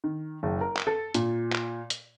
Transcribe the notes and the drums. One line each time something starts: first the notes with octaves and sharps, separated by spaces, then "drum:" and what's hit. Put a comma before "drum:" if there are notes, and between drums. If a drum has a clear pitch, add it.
D#3
F#1
A#4
drum: clap
A4
A#2, drum: hi-hat
drum: clap
drum: hi-hat